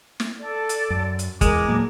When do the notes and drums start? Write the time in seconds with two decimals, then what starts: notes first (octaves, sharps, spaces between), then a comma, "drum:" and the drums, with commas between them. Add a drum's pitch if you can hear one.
0.20 drum: snare
0.40 A4 D5
0.69 drum: hi-hat
0.90 F#2
1.19 drum: hi-hat
1.41 E2 G#3 A#4 D6, drum: kick F#1, hi-hat
1.68 A#2 F#3 A#3